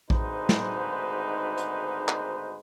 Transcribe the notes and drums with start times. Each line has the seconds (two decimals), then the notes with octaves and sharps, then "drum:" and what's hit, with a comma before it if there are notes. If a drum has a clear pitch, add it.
0.10 G#1 D2 G#2 D#4 B4 C5, drum: kick A#1
0.49 drum: snare
1.58 drum: hi-hat
2.08 drum: clap